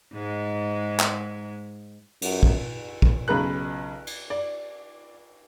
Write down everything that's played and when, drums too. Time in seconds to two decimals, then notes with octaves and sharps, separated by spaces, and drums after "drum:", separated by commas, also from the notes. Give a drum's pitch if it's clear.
0.14 G#2 G#3
1.00 drum: clap
2.22 F#2, drum: cymbal
2.43 drum: kick
3.02 drum: kick
3.28 B1 C#3 B4 A#5 F#6
4.07 drum: cymbal
4.30 D5